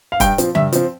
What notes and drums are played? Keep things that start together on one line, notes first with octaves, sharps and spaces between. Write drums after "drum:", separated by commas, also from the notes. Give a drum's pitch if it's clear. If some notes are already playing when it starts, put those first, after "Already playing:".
F5
G2 G5, drum: kick, hi-hat
F3 C4, drum: hi-hat
G2 E5, drum: tom C#3
F3 C4, drum: hi-hat